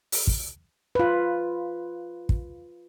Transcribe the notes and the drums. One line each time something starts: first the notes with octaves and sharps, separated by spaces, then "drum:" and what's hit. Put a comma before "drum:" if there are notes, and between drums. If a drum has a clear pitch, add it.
drum: open hi-hat
drum: kick
F4 B4
drum: kick